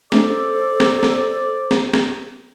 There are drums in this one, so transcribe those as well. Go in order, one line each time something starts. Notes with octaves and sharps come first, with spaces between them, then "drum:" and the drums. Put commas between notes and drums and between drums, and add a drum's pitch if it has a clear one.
A3 C#4 D4 A4 C5 D5, drum: snare
drum: snare
drum: snare
drum: snare
drum: snare